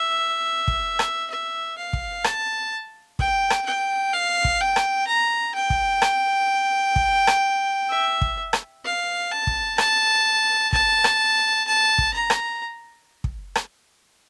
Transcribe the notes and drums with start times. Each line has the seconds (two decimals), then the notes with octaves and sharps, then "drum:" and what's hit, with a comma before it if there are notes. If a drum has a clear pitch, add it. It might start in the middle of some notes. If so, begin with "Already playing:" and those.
Already playing: E5
0.68 drum: kick
0.99 drum: rim click
1.30 E5
1.77 F5
1.93 drum: kick
2.24 A5, drum: rim click
3.19 G5, drum: kick
3.50 drum: rim click
3.66 G5
4.13 F5
4.45 drum: kick
4.60 G5
4.76 drum: rim click
5.07 A#5
5.54 G5
5.70 drum: kick
6.02 drum: rim click
6.96 drum: kick
7.27 drum: rim click
7.90 E5
8.22 drum: kick
8.53 drum: rim click
8.85 F5
9.32 A5
9.47 drum: kick
9.78 A5, drum: rim click
10.73 A5, drum: kick
11.04 drum: rim click
11.67 A5
11.98 drum: kick
12.14 A#5
12.30 drum: rim click
13.24 drum: kick
13.55 drum: rim click